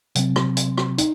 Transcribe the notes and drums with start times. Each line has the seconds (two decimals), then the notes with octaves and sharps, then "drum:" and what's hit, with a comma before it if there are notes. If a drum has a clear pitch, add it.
0.15 C3 F#3 C4, drum: hi-hat
0.36 drum: rim click
0.57 drum: hi-hat
0.78 drum: rim click
0.98 D#4, drum: hi-hat